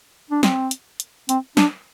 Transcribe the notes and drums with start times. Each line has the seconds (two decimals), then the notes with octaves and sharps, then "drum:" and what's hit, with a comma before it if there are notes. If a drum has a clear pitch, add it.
0.30 D4
0.43 C4, drum: snare
0.71 drum: hi-hat
1.00 drum: hi-hat
1.29 C4, drum: hi-hat
1.57 D4, drum: snare